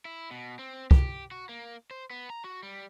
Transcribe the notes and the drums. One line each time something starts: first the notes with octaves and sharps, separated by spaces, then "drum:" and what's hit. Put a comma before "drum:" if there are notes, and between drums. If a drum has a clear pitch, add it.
E4
B2
C4
G4, drum: kick
F#4
A#3
C5
B3
A#5
F#4
G3